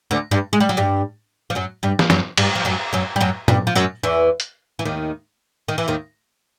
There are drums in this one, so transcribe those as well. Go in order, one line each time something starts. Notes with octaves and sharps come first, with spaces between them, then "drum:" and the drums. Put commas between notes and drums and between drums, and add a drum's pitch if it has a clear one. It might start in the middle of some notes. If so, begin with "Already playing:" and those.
D2 D3
G2 G3
G#3
G3
F#3
G2 G3
F3
F#2 F#3
G2 G3
F3, drum: snare
F#2 F#3, drum: snare
G2 G3, drum: cymbal
F3
F#2 F#3
F#2 F#3
G3
F#2 F#3
G2 G3, drum: tom A#2
F3
F#2 F#3
E2 E3
drum: hi-hat
E3
D#2 D#3
D#3
E3
D#2 D#3